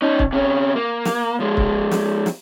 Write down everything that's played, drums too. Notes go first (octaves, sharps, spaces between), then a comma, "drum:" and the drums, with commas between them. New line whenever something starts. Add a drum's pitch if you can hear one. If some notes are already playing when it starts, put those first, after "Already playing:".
C#4 D#4
drum: kick
C3 C#4
A#3
drum: snare
F3 G#3
drum: kick
drum: snare
drum: snare